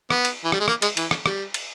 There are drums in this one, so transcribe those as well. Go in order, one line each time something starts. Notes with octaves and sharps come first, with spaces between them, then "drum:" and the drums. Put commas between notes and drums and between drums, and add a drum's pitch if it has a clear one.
B3, drum: rim click
drum: cymbal
E3
G3, drum: rim click
G#3
A#3, drum: rim click
G#3, drum: cymbal
E3, drum: cymbal
drum: rim click
G3, drum: rim click
drum: cymbal